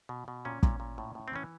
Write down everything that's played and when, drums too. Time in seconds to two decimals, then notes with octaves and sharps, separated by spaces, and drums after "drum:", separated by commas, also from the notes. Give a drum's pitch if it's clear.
0.09 B2
0.28 B2
0.45 A#2 C#4
0.63 A#2, drum: kick
0.80 A#2
0.98 A2
1.15 A2
1.28 C4
1.33 E3 C#4